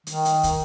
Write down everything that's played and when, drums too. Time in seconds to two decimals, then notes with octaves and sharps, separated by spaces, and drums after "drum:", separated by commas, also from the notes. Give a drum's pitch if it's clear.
0.07 D#3, drum: hi-hat
0.25 drum: hi-hat
0.43 drum: kick, hi-hat